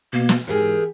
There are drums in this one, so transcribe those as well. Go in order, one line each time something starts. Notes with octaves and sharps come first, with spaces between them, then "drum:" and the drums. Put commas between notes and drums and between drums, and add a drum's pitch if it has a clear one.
B2 A#3
drum: snare
G#2 E3 G4 G#4 A#4